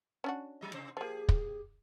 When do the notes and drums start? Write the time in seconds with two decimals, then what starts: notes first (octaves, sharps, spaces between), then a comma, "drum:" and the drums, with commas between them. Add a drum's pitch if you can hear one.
0.24 C#4 D4 F#4
0.61 F#3 D#5
0.73 C3 C5
0.97 F3 A#3 G4 G#4
1.29 drum: kick